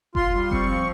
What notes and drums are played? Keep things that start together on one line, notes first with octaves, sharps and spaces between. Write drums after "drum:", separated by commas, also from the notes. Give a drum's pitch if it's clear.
F4 C6, drum: kick F#1
G3
C4 C#6, drum: kick F#1
F3